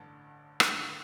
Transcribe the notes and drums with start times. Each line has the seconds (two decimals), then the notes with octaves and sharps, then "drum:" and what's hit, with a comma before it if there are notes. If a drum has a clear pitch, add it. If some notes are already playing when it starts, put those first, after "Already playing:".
Already playing: A1 G2 D3 A5
0.60 A1 G2 D3 G5, drum: rim click